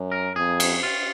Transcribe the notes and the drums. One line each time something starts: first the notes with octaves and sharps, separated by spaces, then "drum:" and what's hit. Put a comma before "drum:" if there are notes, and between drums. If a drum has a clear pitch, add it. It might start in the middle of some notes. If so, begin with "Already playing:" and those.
Already playing: F#2
A#4
F2 G#4
drum: cymbal
F4